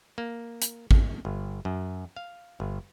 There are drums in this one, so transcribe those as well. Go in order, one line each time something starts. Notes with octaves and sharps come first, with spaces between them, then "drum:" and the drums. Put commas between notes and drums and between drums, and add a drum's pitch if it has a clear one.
A#3
drum: hi-hat
drum: kick G#1
G1
F#2
F5
G1